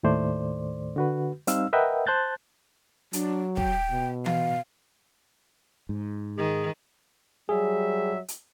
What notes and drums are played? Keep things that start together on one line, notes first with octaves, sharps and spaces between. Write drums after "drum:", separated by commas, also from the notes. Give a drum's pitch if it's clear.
D#2 A2 D#3 A3 C5 D5
D3 F#4 B4
G3 C4 D#4 F5 E6, drum: hi-hat
A#4 B4 D#5 E5 F#5 G5
C5 A5 F#6 G6 A6
F#3 D4, drum: hi-hat
G5, drum: kick
B2
F5, drum: tom E3
G#2
D#3 G#4
F#3 G3 G#4 E5
drum: hi-hat